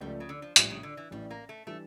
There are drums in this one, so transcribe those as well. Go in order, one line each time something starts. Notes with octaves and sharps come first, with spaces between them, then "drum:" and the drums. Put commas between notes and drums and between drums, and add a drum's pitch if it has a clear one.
C#2 C#3 F3 G3 A3
C#3
D3
F3
A#1 A2 F3 G3, drum: hi-hat
C#3
D3
E3
A1 A2 E3 G3
A#3
A3
E3 G3 A3 D4